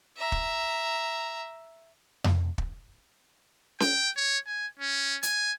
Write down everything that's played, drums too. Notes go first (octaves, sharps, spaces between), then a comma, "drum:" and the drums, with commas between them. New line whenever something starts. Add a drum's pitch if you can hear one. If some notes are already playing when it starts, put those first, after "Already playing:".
E5 A#5
drum: kick
drum: tom F2
drum: kick
G5, drum: snare C#4
C#5
G#5
C#4
G#5, drum: hi-hat